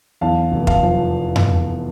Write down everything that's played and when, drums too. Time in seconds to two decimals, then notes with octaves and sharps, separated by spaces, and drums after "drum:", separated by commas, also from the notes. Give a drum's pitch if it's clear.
0.21 E2 F5 A5
0.52 F1
0.67 F5 A5, drum: kick
0.83 F3
1.36 drum: tom F2